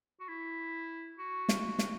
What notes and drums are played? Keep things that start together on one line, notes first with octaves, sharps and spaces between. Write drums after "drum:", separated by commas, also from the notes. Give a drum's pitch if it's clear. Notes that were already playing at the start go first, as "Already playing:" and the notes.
F#4
E4
F#4
drum: snare
drum: snare